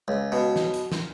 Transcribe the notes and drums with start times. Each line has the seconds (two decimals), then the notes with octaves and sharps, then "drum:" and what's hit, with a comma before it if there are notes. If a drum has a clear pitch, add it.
0.08 C#2
0.32 B2
0.56 drum: snare
0.74 drum: hi-hat
0.92 drum: snare